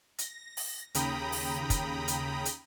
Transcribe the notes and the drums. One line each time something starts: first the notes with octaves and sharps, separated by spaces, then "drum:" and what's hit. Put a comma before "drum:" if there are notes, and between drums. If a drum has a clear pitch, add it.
A#6, drum: hi-hat
drum: open hi-hat
D#2 C#3 G5 A#5 B5 D#6, drum: hi-hat
drum: open hi-hat
drum: kick, hi-hat
drum: hi-hat
drum: hi-hat